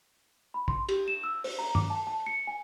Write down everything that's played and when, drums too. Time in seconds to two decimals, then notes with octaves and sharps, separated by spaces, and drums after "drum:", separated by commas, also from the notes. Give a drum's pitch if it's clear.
0.54 B5
0.68 C6, drum: kick
0.89 G4, drum: cymbal
1.08 E7
1.24 E6
1.44 C5, drum: open hi-hat
1.59 A#5
1.75 D6, drum: tom
1.90 A5
2.07 A5
2.26 C#7
2.47 G#5